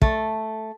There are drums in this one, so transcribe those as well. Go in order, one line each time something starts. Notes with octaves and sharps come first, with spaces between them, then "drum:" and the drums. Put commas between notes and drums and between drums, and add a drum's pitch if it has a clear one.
A3, drum: kick